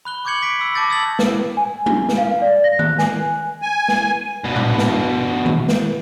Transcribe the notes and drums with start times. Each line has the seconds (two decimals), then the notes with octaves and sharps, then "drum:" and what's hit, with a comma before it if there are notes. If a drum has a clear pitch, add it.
0.05 B5 F#6 G7
0.25 C#6 D6 G6 G#6 C#7 F#7
0.42 D6 B6 D7
0.60 B5 E6
0.75 A5 D6 G6 A6 A#6
0.90 D#6 E6 G#6 A6 B6 F#7
1.19 drum: snare
1.57 G#5
1.86 drum: tom G3
2.09 drum: snare
2.18 F5
2.42 D5
2.64 A#6
2.79 F#6, drum: tom D#3
2.99 G#5, drum: snare
3.62 G#5
3.88 drum: snare
4.44 G2 B2
4.56 drum: tom A2
4.78 drum: snare
5.46 drum: tom D#3
5.68 drum: snare